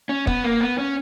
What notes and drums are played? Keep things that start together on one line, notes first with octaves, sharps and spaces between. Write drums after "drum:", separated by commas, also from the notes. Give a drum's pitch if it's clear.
C#4
B3, drum: kick
A#3
B3
C#4